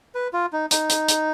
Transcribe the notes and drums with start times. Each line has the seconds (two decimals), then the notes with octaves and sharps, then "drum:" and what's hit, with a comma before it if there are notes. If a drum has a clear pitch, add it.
0.15 B4
0.33 F4
0.53 D#4
0.71 D#4, drum: hi-hat
0.90 drum: hi-hat
1.08 drum: hi-hat